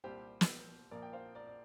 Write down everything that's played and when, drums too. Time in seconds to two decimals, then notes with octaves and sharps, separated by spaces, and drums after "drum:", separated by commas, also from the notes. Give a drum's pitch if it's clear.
0.04 C2 A#2 G3 C4 G4 C5
0.41 drum: snare
0.91 A#1 A#2 F3 A#3 A#4 D5
1.02 G5
1.13 C5 F5
1.35 A#4 D5
1.47 D5